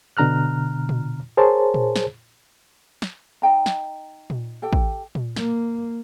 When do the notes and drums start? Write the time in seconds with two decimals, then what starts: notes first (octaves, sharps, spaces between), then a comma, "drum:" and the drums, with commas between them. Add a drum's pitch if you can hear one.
0.17 B2 D3 A#5 F6 F#6
0.89 drum: tom A#2
1.37 G#4 A#4 C5 C#5 A5
1.74 drum: tom A#2
1.96 drum: snare
3.02 drum: snare
3.42 D#4 D#5 G5 A#5
3.66 drum: snare
4.30 drum: tom A#2
4.62 G4 A4 G5
4.73 drum: kick
5.15 drum: tom A#2
5.36 A#3, drum: snare